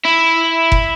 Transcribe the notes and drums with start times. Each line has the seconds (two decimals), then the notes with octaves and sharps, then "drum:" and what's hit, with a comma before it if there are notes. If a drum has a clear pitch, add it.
0.05 E4
0.72 drum: kick F1